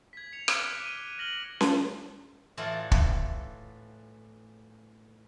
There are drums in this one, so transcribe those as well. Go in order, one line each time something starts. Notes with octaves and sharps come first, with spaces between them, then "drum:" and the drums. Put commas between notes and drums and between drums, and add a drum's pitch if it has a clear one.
G#6 B6
C#7 F7
D6 F6 F#6 G#6 D7 G7, drum: rim click
D#7
F6 A#6 F#7 G7
drum: snare C#4
A2 E3 F4 F#4 A4 D5
drum: kick